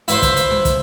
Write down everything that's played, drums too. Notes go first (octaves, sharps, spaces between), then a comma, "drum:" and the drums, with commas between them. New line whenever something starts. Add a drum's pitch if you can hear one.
E4 B4 C5, drum: hi-hat
drum: kick, hi-hat
drum: hi-hat
drum: snare
drum: kick, hi-hat